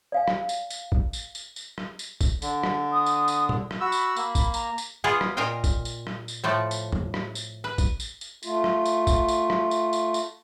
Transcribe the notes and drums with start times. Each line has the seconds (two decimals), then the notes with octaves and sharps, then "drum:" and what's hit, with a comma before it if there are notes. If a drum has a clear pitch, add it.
0.12 D5 F5 G#5
0.28 drum: rim click
0.49 drum: tambourine
0.70 drum: tambourine
0.92 drum: kick G#1
1.13 drum: tambourine
1.35 drum: tambourine
1.56 drum: tambourine
1.78 drum: rim click
1.99 drum: tambourine
2.21 drum: kick G#1, tambourine
2.42 D3, drum: tambourine
2.63 drum: rim click
2.92 D#6
3.06 drum: tambourine
3.28 drum: tambourine
3.49 drum: tom
3.71 drum: rim click
3.81 F#4 B5 E6
3.92 drum: tambourine
4.16 A#3, drum: tambourine
4.35 drum: kick G#1, tambourine
4.54 A#5, drum: tambourine
4.78 drum: tambourine
5.04 B3 F4 G#4 D5
5.21 drum: rim click
5.37 A#2 A#4 D#5 F5 G5
5.64 drum: kick G#1, tambourine
5.85 drum: tambourine
6.07 drum: rim click
6.28 drum: tambourine
6.44 A2 F3 A3 D5
6.71 drum: tambourine
6.92 drum: tom
7.14 drum: rim click
7.35 drum: tambourine
7.64 B4
7.78 drum: kick G#1, tambourine
8.00 drum: tambourine
8.21 drum: tambourine
8.43 A3 F4, drum: tambourine
8.64 drum: rim click
8.86 drum: tambourine
9.07 drum: kick G#1, tambourine
9.28 drum: tambourine
9.50 drum: rim click
9.71 drum: tambourine
9.93 drum: tambourine
10.14 drum: tambourine